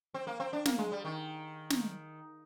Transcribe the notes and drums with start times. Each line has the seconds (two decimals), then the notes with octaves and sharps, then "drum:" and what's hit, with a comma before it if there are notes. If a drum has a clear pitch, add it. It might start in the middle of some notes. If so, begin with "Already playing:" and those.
0.14 C4
0.27 A#3
0.40 C4
0.53 D4
0.66 A#3, drum: snare
0.78 G#3
0.92 G3
1.05 D#3
1.70 drum: snare